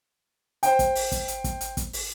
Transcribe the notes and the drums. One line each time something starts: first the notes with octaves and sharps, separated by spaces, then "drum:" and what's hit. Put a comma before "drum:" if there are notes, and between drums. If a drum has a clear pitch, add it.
C5 G5, drum: hi-hat
drum: kick, hi-hat
drum: open hi-hat
drum: kick, hi-hat
drum: hi-hat
drum: kick, hi-hat
drum: hi-hat
drum: kick, hi-hat
drum: open hi-hat